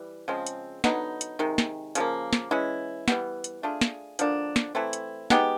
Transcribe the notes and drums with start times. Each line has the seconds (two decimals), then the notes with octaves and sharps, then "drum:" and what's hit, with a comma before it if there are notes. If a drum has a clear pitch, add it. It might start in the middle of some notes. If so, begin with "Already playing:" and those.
Already playing: E3 G3
0.28 C#3 F3 G#3 C4
0.47 drum: hi-hat
0.84 D3 F#3 B3 D#4, drum: snare
1.21 drum: hi-hat
1.39 C3 D#3 G#3
1.58 drum: snare
1.95 C#3 F3 A#3, drum: hi-hat
2.33 drum: snare
2.51 E3 G#3 C#4 E4
3.08 E3 G3 B3, drum: snare
3.44 drum: hi-hat
3.63 A3 D4 F4 G#4
3.81 drum: snare
4.19 D3 F3 A#3 D4, drum: hi-hat
4.56 drum: snare
4.75 E3 A3 C4 E4
4.93 drum: hi-hat
5.30 G#3 B3 D#4 G4, drum: snare